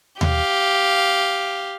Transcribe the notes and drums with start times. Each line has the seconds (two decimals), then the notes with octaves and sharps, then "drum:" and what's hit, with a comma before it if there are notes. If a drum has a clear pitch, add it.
0.21 G4 F5, drum: tom D#2